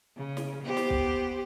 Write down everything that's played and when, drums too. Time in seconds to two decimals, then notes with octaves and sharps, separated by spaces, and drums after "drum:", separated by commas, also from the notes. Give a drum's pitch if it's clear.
0.17 C#3
0.37 drum: snare
0.63 B3 G4 C5
0.77 drum: snare
0.90 drum: kick